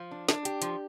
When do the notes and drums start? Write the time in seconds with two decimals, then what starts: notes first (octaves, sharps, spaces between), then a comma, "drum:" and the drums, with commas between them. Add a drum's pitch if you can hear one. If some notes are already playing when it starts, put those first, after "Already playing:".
Already playing: F3
0.11 D4
0.29 D4, drum: snare
0.45 G4, drum: hi-hat
0.62 F3, drum: hi-hat